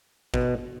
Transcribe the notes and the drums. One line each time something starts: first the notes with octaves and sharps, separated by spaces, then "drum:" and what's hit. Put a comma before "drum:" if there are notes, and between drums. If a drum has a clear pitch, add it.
B2, drum: kick